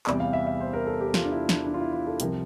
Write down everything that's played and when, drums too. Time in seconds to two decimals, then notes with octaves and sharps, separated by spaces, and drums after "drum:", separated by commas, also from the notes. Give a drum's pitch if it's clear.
0.07 E2 C3 G3 D5, drum: clap
0.20 F5
0.33 E5
0.47 E5
0.60 C5
0.73 A#4
0.87 A4
1.00 G4
1.14 F4, drum: snare
1.24 D4
1.31 E4
1.49 D4, drum: snare
1.67 D4
1.74 F4
1.80 E4
1.93 F4
2.07 A4
2.20 C2 C3 F3 A#4, drum: hi-hat